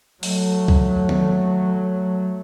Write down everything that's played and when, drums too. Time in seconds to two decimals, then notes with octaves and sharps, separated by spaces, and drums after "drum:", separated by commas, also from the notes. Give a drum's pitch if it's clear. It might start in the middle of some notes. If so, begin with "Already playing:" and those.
0.23 F#3 A3, drum: open hi-hat
0.68 drum: kick
1.09 drum: tom D#3